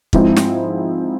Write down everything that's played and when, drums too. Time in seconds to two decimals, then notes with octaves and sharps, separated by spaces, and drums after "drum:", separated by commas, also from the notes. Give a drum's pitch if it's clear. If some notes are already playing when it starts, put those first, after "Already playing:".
0.13 G#2 F3 G#3 C4 E4, drum: kick
0.37 drum: snare